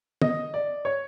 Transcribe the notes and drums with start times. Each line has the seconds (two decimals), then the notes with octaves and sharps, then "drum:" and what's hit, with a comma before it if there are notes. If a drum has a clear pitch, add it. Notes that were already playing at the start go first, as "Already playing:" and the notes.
0.22 D#5, drum: tom
0.54 D5
0.85 C#5